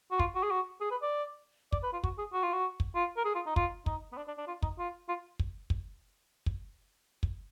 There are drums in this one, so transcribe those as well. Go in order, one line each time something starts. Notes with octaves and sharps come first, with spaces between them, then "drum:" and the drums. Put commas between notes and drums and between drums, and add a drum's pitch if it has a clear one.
F#4
F4, drum: kick
F#4
G#4
F#4
G#4
B4
D5
D5, drum: kick
B4
F4
F#4, drum: kick
G#4
F#4
F4
F#4
drum: kick
F4
A#4
G#4
F4
D#4
F4, drum: kick
D#4, drum: kick
B3
D4
D4
D4
F4
D#4, drum: kick
F4
F4
drum: kick
drum: kick
drum: kick
drum: kick